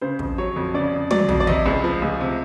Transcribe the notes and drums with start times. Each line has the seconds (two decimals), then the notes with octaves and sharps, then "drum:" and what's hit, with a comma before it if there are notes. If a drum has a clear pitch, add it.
0.01 C#3 C5
0.19 F2, drum: kick
0.38 F#3 C#5
0.56 F2
0.74 C#3 D5
0.93 F2
1.11 F#3 D5, drum: tom
1.29 F2, drum: tom
1.40 D5
1.47 C3 D#5, drum: tom
1.66 C#2
1.84 F3
2.02 C#2
2.21 C3